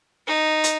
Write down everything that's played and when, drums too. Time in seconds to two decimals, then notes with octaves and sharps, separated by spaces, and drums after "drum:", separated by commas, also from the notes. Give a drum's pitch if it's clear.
0.27 D#4
0.64 drum: hi-hat